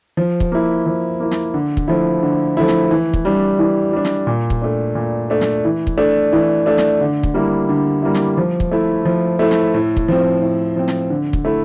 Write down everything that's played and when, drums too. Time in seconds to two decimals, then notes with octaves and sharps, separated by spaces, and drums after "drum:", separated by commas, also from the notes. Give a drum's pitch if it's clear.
0.17 F3
0.40 drum: kick
0.52 A#3 E4
0.86 F3
1.20 A#3 E4
1.31 drum: snare
1.54 D3
1.77 drum: kick
1.88 F3 A3 E4
2.23 D3
2.57 F3 A3 E4
2.68 drum: snare
2.91 E3
3.14 drum: kick
3.25 G3 D4
3.59 E3
3.93 G3 D4
4.05 drum: snare
4.27 A#2
4.50 drum: kick
4.62 A3 D4
4.95 A#2
5.30 A3 D4
5.41 drum: snare
5.65 E3
5.87 drum: kick
5.98 A3 D4
6.33 E3
6.66 A3 D4
6.78 drum: snare
7.01 D3
7.23 drum: kick
7.34 G3 A#3 E4
7.69 D3
8.03 G3 A#3 E4
8.14 drum: snare
8.38 F3
8.60 drum: kick
8.72 A3 E4
9.05 F3
9.39 A3 E4
9.51 drum: snare
9.74 A2
9.97 drum: kick
10.08 F3 C4
10.42 A2
10.76 F3 C4
10.88 drum: snare
11.10 D3
11.33 drum: kick
11.45 A3 E4